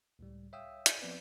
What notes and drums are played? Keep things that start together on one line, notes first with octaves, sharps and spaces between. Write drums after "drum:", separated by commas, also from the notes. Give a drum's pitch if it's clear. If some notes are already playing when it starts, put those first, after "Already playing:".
C#2 A2 G3
C#5 E5 F5 G5 D#6 E6
drum: hi-hat
F3 B3 C4 B4 D5